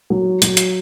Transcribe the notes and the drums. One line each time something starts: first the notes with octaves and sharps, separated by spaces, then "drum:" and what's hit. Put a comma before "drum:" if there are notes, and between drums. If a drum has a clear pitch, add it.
F#3
F#3, drum: hi-hat
drum: hi-hat